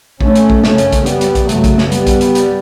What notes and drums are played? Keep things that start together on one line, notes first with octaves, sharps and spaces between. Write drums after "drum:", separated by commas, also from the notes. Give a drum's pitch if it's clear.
A3 C#4, drum: kick A#1
drum: hi-hat
drum: kick A#1
F#2 C#3 A3 C#4, drum: snare
drum: hi-hat
drum: kick A#1, hi-hat
G3 B3, drum: hi-hat
drum: hi-hat
drum: kick A#1, hi-hat
F#2 C#3 F#3 A3, drum: hi-hat
drum: kick A#1, hi-hat
drum: snare
G3 B3, drum: hi-hat
drum: kick A#1, hi-hat
drum: hi-hat
drum: hi-hat